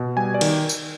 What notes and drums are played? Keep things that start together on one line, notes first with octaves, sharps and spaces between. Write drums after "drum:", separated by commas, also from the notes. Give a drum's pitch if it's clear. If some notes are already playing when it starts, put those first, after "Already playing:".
Already playing: B2
G3 G#5
D5
D#3, drum: cymbal
drum: tambourine